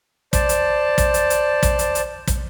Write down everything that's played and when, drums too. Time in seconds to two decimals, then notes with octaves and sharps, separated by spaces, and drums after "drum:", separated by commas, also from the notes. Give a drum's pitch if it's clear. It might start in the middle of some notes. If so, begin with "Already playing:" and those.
0.33 C5 D5 A5, drum: kick, hi-hat
0.49 drum: hi-hat
0.98 drum: kick, hi-hat
1.14 drum: hi-hat
1.30 drum: hi-hat
1.63 drum: kick, hi-hat
1.79 drum: hi-hat
1.95 drum: hi-hat
2.27 drum: kick, hi-hat